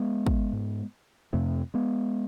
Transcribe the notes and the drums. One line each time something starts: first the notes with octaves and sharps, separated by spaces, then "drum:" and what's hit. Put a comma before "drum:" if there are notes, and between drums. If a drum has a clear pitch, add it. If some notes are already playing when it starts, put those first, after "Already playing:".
Already playing: G#3 B3
drum: kick
G#2
F2 C3 A3 C4
G#3 B3